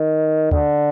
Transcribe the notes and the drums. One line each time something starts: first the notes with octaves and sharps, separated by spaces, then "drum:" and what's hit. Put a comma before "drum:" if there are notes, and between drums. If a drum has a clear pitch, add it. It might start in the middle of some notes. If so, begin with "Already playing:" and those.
Already playing: D#3
D3, drum: kick